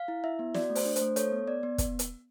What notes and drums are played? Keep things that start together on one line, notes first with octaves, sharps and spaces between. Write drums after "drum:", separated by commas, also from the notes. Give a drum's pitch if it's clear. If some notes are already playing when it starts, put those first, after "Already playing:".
Already playing: F5
E4
E4 E5
B3
F#4 D5, drum: snare
A3
C5, drum: open hi-hat
D4
C5, drum: hi-hat
A3
A4 C#5, drum: hi-hat
B3
B3 D5
B3
drum: kick, hi-hat
drum: hi-hat